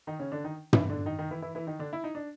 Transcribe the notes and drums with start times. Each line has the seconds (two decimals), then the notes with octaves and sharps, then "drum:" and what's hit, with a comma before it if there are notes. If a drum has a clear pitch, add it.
0.07 D#3 D#4
0.20 C#3 C#4
0.32 D3 D4
0.44 D#3 D#4
0.73 E3 E4, drum: tom
0.90 D3 D4
1.06 D#3 D#4
1.19 D#3 D#4
1.31 E3 E4
1.42 E3 E4
1.55 E3 E4
1.67 D#3 D#4
1.79 D3 D4
1.93 E4
2.04 D#4
2.15 D4